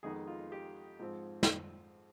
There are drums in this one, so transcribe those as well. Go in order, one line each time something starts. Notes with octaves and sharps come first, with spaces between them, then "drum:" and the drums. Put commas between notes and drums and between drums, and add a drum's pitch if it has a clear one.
F2 D#3 G#3 B3 D#4 G#4
F4
G4
G#2 F3 C4
drum: snare